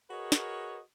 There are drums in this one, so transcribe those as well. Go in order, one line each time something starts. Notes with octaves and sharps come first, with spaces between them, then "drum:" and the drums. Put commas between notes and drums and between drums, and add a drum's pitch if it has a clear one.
F#4 G#4 A#4 B4 C#5 D#5
drum: snare